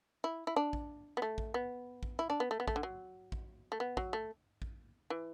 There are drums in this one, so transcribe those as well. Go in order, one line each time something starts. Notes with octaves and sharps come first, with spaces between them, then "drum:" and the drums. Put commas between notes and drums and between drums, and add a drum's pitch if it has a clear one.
E4
E4
D4
drum: kick A1
B3
A3
drum: kick A1
B3
drum: kick A1
E4
D4
B3
A3
B3
A3, drum: kick A1
D3
F#3
drum: kick A1
A3
B3
F#3, drum: kick A1
A3
drum: kick A1
E3